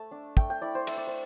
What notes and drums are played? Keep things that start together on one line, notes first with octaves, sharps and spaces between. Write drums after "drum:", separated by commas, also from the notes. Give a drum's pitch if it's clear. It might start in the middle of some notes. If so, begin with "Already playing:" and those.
Already playing: A3 A5
D4
A3 G5, drum: kick
G5
E4 D5
C5
A3 E5, drum: cymbal
D5
C5